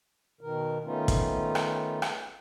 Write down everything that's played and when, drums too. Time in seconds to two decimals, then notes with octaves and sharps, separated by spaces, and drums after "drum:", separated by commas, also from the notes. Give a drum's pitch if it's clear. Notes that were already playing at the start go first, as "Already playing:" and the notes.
0.41 B2 D#3 A#4
0.84 D#3 A3 B3 C#4 D#4 F4
1.08 drum: kick, hi-hat
1.55 drum: rim click
2.02 drum: rim click